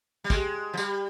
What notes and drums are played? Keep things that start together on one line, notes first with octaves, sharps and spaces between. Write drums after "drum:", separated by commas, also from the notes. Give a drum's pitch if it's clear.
G3
G#3, drum: kick, tambourine
F3
G3, drum: tambourine